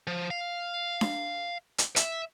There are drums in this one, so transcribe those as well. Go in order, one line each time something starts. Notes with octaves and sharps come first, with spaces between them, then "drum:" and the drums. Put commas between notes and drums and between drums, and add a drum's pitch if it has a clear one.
F3
F5
drum: snare D4
drum: hi-hat
E5, drum: hi-hat